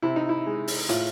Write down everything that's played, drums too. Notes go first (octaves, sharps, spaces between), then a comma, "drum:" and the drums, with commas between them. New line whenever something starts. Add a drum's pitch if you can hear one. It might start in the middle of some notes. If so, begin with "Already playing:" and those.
C3 E4
D#4
E4
G#3
drum: open hi-hat
A2 F4, drum: hi-hat